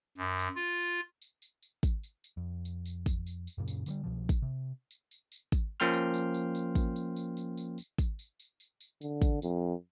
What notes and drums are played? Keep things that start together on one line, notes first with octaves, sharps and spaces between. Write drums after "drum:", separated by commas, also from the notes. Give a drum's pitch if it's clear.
F#2
drum: tambourine
F4
drum: tambourine
drum: tambourine
drum: tambourine
drum: tambourine
drum: kick, tambourine
drum: tambourine
drum: tambourine
F2
drum: tambourine
drum: tambourine
drum: kick, tambourine
drum: tambourine
drum: tambourine
F#2 A#2 C#3
drum: tambourine
D3 E3 G3, drum: tambourine
C2 B2 F3
drum: kick, tambourine
C3
drum: tambourine
drum: tambourine
drum: tambourine
drum: kick, tambourine
F3 A#3 C#4 G5 C6 F6
drum: tambourine
drum: tambourine
drum: tambourine
drum: tambourine
drum: kick, tambourine
drum: tambourine
drum: tambourine
drum: tambourine
drum: tambourine
drum: tambourine
drum: kick, tambourine
drum: tambourine
drum: tambourine
drum: tambourine
drum: tambourine
D3, drum: tambourine
drum: kick, tambourine
F2, drum: tambourine